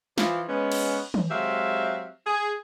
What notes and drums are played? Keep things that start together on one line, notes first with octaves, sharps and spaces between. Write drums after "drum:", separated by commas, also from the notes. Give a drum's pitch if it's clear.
E3 F3, drum: snare
G#3 B3 C#4
drum: cymbal
drum: tom
F#3 G#3 C4 G4 E5 F5
G#4